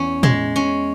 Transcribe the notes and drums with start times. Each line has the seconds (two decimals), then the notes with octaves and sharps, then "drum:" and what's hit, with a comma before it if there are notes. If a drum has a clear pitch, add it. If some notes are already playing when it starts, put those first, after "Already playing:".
Already playing: E2 C#4
0.23 G#3, drum: tom
0.56 C#4